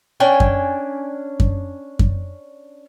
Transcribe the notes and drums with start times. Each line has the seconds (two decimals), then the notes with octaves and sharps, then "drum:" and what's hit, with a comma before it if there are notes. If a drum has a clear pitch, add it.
0.20 C#4 D4 G5 G#5
0.40 drum: kick F#2
1.40 drum: kick F#2
1.99 drum: kick F#2